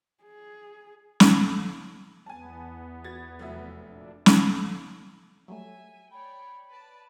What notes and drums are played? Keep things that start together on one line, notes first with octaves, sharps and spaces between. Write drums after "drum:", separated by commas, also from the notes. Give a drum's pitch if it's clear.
G#4
drum: snare
E2 B3 G#5 A5
F#4 G#6 A6
F1 F#3 E5
A#2 D4
drum: snare
F#3 G3 A3 E5 G#5
C#5 D5 G5 B5
B4 D5 A5